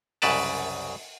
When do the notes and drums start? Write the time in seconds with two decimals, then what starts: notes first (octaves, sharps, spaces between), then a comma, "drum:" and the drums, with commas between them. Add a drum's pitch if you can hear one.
0.22 C2 F#2 C#3 B4 D5 A5, drum: open hi-hat